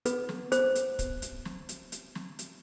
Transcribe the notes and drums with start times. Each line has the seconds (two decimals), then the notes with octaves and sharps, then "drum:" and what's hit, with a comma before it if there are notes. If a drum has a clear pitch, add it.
0.05 B3 B4, drum: hi-hat
0.29 drum: snare
0.52 B3 C5, drum: hi-hat
0.75 drum: hi-hat
0.99 drum: kick, hi-hat
1.22 drum: hi-hat
1.45 drum: snare
1.69 drum: hi-hat
1.92 drum: hi-hat
2.15 drum: snare
2.39 drum: hi-hat